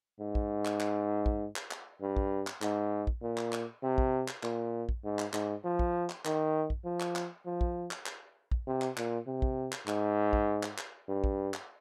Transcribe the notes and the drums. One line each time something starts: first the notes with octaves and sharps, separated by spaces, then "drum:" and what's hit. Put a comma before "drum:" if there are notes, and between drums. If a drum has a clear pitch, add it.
G#2
drum: kick
drum: clap
drum: clap
drum: kick
drum: clap
drum: clap
G2
drum: kick
drum: clap
G#2, drum: clap
drum: kick
A#2
drum: clap
drum: clap
C3
drum: kick
drum: clap
A#2, drum: clap
drum: kick
G#2
drum: clap
G#2, drum: clap
F3
drum: kick
drum: clap
D#3, drum: clap
drum: kick
F3
drum: clap
drum: clap
F3
drum: kick
drum: clap
drum: clap
drum: kick
C3
drum: clap
A#2, drum: clap
C3
drum: kick
drum: clap
G#2, drum: clap
drum: kick
drum: clap
drum: clap
G2
drum: kick
drum: clap